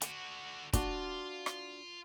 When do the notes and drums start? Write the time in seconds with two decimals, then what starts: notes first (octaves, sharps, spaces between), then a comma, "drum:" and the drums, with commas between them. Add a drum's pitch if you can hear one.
0.02 D3 F#4, drum: hi-hat
0.73 D4 F4 F#4, drum: kick, hi-hat
1.46 drum: rim click